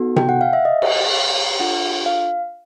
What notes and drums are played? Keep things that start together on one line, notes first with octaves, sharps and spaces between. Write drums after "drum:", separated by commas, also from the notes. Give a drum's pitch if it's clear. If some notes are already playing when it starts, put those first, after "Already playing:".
Already playing: B3 D#4 F#4 A4
G5, drum: tom C3
F#5
F5
E5
D#5
drum: cymbal
F5
D4 F4 A4 F#5
F5